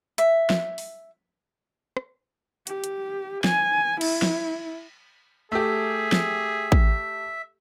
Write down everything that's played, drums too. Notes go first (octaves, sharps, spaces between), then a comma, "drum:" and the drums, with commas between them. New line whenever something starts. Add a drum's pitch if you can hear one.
E5, drum: hi-hat
drum: snare
drum: open hi-hat
drum: rim click
G4, drum: hi-hat
drum: hi-hat
G#5, drum: snare
E4, drum: cymbal
drum: snare
A3 G4 G#4 E5
drum: snare
drum: kick